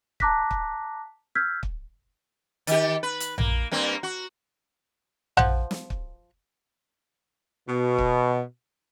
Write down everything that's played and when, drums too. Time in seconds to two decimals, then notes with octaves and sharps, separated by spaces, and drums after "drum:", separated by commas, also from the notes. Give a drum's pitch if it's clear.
0.20 A5 A#5 D6 F#6 A#6 B6, drum: kick
0.51 drum: kick
1.35 E6 F6 G6 G#6 B6
1.63 drum: kick
2.67 D#3 G4, drum: hi-hat
3.03 B4
3.20 drum: hi-hat
3.38 A#3, drum: tom A#1
3.72 G2 A#3 C4
4.03 F#4
5.37 F3 C5 F#5, drum: tom A#1
5.71 drum: snare
5.90 drum: kick
7.69 B2
7.98 drum: kick